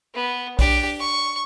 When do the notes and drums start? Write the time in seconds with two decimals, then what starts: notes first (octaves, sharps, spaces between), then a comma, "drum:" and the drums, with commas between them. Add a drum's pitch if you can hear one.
0.15 B3
0.59 D4 G4, drum: kick, open hi-hat
0.99 C#6